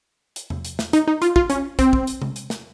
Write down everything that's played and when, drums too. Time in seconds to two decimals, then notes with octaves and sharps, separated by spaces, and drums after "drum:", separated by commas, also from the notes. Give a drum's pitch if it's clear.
0.36 drum: hi-hat
0.50 drum: tom E2
0.65 drum: hi-hat
0.79 drum: snare
0.93 D#4, drum: hi-hat
1.08 D#4
1.22 F4, drum: hi-hat
1.36 F4, drum: kick
1.50 C#4, drum: hi-hat
1.79 C4, drum: kick, hi-hat
1.93 drum: kick
2.07 drum: hi-hat
2.22 drum: tom C3
2.36 drum: hi-hat
2.50 drum: snare